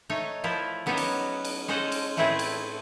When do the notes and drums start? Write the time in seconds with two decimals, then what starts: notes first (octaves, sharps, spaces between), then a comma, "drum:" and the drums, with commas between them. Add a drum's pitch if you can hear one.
0.10 A3 D#4 C#5
0.44 F3 E4 F4
0.86 F#3 B3 C#4 D#4 F#4 G4
0.97 drum: cymbal
1.45 drum: cymbal
1.68 G#3 C#4 A4 C5 D#5 F#5
1.92 drum: cymbal
2.17 A2 A3 C4 E4 G#4 B4
2.39 drum: cymbal